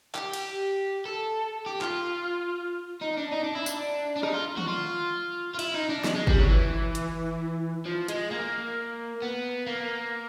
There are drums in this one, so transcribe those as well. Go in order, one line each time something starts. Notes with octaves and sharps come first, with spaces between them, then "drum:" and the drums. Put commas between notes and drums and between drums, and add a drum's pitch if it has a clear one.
G4, drum: clap
drum: cymbal
A4
G4
F4, drum: clap
D#4
D4
D#4
D4
E4
D4, drum: tambourine
D4
D#4, drum: rim click
F4
F#4, drum: tom
F4
F4
E4, drum: cymbal
D#4
D4
G#3, drum: snare
G#3
G3, drum: kick G1
F#3
E3
drum: hi-hat
F3
G#3, drum: hi-hat
A#3
B3
A#3